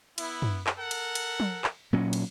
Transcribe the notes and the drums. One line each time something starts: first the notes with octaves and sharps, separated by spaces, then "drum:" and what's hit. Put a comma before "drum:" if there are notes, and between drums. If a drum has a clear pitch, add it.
B3 E4, drum: cymbal
drum: tom
drum: clap
A4 A#4 F#5
drum: cymbal
drum: cymbal
drum: tom
drum: clap
A#2 F#3 C#4
drum: cymbal